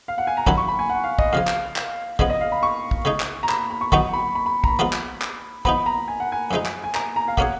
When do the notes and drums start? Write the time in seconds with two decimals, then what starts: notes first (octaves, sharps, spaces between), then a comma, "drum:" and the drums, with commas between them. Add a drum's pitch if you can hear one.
0.08 F5
0.18 F#5
0.27 G#5
0.37 A#5
0.47 F#2 D#3 F#3 C#4 F#4 B5, drum: kick
0.57 C#6
0.68 B5
0.79 G#5
0.90 F#5
1.04 F5
1.19 D#5, drum: kick
1.33 F2 C#3 F3 F5
1.47 drum: clap
1.76 drum: clap
2.19 C#3 F3 B3 D#5, drum: kick
2.30 D#5
2.41 F5
2.52 B5
2.63 C#6
2.91 drum: kick
3.05 C#3 G#3 D#4
3.20 drum: clap
3.43 A#5
3.49 B5, drum: clap
3.71 B5
3.81 C#6
3.92 D#3 F#3 B3 D#4 C#6, drum: kick
4.13 B5
4.35 B5
4.46 B5
4.64 A#5, drum: kick
4.67 B5
4.79 F3 G#3 B3 F4
4.93 drum: clap
5.22 drum: clap
5.65 F3 B3 D#4 B5, drum: kick
5.86 A#5
6.08 G#5
6.20 F#5
6.32 G#5
6.51 F#2 F3 G#3 D#4
6.66 drum: clap
6.84 G#5
6.95 A#5, drum: clap
7.16 A#5
7.28 F5
7.37 B2 A#3 C#4 G#4 F#5, drum: kick